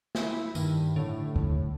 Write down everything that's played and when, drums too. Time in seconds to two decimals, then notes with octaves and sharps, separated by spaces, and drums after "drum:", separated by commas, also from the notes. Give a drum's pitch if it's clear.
0.15 E4, drum: snare
0.55 G2 D#3, drum: tambourine
0.96 A2 D3
1.36 drum: kick